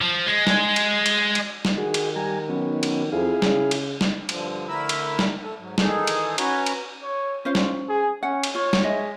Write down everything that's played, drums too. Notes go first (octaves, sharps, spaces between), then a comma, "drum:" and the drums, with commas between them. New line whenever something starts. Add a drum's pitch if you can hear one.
F3
G#3
drum: snare
drum: cymbal
drum: cymbal
drum: cymbal
drum: snare
D#3 F#4 G#4
drum: cymbal
G3 G#5 A#5
F#3 B3 C#4
drum: cymbal
F2 E4 G#4 F5
C#3, drum: snare
drum: cymbal
drum: snare
G2 D3 F3, drum: cymbal
D3 A3 E4 A#4 B5 E6
drum: cymbal
drum: snare
A3 A4
G#2 F#3
D#3 E3 D#4 G#4 A4, drum: snare
drum: cymbal
C#4 F#4 B4 C#5 G#5 A#5, drum: cymbal
drum: cymbal
C#5
C#4 F4 C5 F5
drum: snare
G#4
C#4 F#5
drum: cymbal
F4 C#5
drum: snare
G#3 C#5 D#5 E5